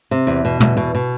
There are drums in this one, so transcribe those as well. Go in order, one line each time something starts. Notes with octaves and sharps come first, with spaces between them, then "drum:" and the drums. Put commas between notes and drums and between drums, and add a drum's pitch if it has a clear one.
C3
E2
B2
E2, drum: tom
B2
B2